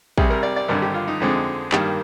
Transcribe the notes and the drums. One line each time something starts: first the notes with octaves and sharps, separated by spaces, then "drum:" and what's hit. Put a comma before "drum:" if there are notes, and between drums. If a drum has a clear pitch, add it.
C2 C3 G3 G#4, drum: kick
A#4
D5
D5
G#1 G2 D3 A#4
G4
F4
D#4
F2 D3 G#3 C4
G2 D#3 G3 A#3, drum: clap